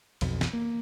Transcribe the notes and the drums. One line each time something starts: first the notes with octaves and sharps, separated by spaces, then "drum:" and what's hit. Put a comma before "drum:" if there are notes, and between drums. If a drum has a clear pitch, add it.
B1 F2, drum: cymbal
drum: snare
A#3